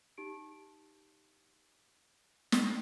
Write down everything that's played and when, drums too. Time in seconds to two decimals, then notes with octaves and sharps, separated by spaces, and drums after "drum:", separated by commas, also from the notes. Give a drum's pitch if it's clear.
0.18 D#4 G4 D7
2.52 drum: snare